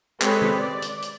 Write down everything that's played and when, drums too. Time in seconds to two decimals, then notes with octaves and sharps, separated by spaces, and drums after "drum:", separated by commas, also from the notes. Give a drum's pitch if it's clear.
0.22 G#3 C4 G4 A4 B4 C#5, drum: clap
0.42 drum: tom
0.56 D5
0.82 drum: hi-hat
1.02 drum: hi-hat